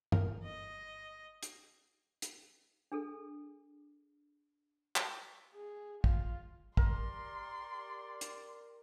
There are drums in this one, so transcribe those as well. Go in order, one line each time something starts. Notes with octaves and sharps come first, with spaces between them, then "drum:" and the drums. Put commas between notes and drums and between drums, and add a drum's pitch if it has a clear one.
G1 A#4, drum: tom
D#5
drum: hi-hat
drum: hi-hat
D4 G#4 A4
drum: clap
G#4
F4, drum: kick
G4 A#4 D5 C6, drum: kick
drum: hi-hat